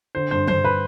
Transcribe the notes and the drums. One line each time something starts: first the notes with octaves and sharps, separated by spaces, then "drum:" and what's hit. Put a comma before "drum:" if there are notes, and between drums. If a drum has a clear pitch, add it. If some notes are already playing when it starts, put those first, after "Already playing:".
D3 C5
G2 C5
G2 C5, drum: tom
B4